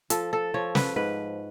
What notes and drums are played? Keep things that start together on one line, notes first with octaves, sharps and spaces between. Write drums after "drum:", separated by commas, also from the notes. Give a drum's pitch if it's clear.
F3 A4, drum: hi-hat
A4
F3 C#5
B4, drum: snare
G#2 B4